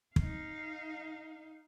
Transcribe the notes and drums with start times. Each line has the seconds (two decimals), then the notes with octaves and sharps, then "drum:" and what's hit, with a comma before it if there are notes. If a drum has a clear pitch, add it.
0.16 D#4 F5, drum: kick